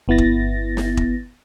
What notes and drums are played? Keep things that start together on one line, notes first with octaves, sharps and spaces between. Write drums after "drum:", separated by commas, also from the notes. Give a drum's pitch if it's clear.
G1 B3 E4 A6 A#6
drum: kick E1
drum: snare
drum: kick E1